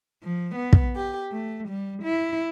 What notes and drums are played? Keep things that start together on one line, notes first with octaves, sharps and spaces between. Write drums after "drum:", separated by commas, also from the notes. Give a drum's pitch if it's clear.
F3
B3
drum: kick
G4
A3
G3
E4